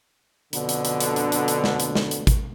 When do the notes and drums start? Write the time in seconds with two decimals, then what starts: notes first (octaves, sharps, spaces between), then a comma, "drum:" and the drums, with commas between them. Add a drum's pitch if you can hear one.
0.53 F2 B2 D3, drum: hi-hat
0.69 drum: hi-hat
0.85 drum: hi-hat
1.00 drum: hi-hat
1.16 drum: hi-hat
1.32 drum: hi-hat
1.48 drum: hi-hat
1.64 drum: snare
1.80 drum: hi-hat
1.95 drum: snare
2.11 drum: hi-hat
2.27 drum: kick, hi-hat